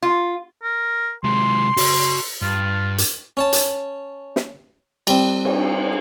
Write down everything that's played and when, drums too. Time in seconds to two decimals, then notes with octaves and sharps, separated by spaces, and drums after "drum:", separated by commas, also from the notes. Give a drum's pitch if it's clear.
0.02 F4
0.63 A#4
1.24 C3 G#3 C6
1.77 F#4 A5, drum: open hi-hat
2.42 G2 F4
2.98 drum: hi-hat
3.37 C#4 C#5 A5
3.53 drum: hi-hat
4.36 drum: snare
5.07 G3 C4, drum: cymbal
5.45 drum: cymbal